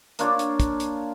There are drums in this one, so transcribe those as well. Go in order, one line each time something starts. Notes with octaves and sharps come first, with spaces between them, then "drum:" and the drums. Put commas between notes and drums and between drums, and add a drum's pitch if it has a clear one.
A#3 D4 F4 C#5, drum: hi-hat
drum: hi-hat
drum: kick, hi-hat
drum: hi-hat